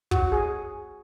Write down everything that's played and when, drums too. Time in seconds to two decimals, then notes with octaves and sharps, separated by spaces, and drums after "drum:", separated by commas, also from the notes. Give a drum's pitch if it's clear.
0.11 F#4, drum: kick
0.32 G#4